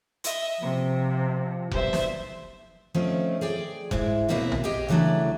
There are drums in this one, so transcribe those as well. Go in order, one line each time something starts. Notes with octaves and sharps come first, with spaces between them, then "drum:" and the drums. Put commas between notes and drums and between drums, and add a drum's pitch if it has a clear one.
D#5 E5, drum: hi-hat
C3 F3
B1 G2 C5 E5, drum: kick F1
drum: snare
D#3 F3 A3 C4 C#4
G#4 D5 G5
G#2 G#3 E4, drum: kick F1
D#2 B2 A#3 C4 E4 D#5
drum: tom B1
G4 G#4 D#5 G5
C#3 E3 F#3 A3 D4